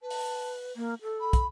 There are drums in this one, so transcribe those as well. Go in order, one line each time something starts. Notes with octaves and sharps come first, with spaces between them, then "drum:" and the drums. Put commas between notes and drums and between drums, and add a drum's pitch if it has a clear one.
B4 A5
drum: open hi-hat
A#3
A4
B5
drum: kick, hi-hat